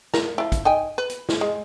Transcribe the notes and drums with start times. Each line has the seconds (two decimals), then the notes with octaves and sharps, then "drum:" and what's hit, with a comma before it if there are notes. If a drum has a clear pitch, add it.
0.14 A#4, drum: snare
0.38 F3 E4
0.52 drum: kick, hi-hat
0.65 D#4 G5 G#5
0.98 B4
1.09 drum: hi-hat
1.29 drum: snare
1.41 G#3